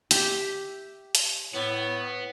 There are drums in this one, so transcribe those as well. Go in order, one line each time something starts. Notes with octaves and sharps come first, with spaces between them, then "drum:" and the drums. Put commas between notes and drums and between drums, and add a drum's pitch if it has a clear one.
G4 E5 G5, drum: hi-hat
drum: hi-hat
A2 B3